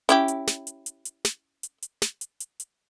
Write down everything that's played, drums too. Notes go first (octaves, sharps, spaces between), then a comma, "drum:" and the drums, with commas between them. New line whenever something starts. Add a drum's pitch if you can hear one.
C#4 E4 G4, drum: hi-hat
drum: hi-hat
drum: snare
drum: hi-hat
drum: hi-hat
drum: hi-hat
drum: snare
drum: hi-hat
drum: hi-hat
drum: snare
drum: hi-hat
drum: hi-hat
drum: hi-hat